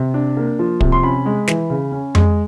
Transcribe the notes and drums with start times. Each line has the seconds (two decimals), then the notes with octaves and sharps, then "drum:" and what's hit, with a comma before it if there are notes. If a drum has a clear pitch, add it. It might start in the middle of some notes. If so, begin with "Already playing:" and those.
Already playing: C3
0.14 D4
0.37 A#3
0.59 F3
0.81 C3, drum: kick
0.92 C6
1.03 C#4 B5
1.26 G#3
1.48 E3, drum: snare
1.70 C#3
1.92 C#4
2.15 G#3, drum: tom F2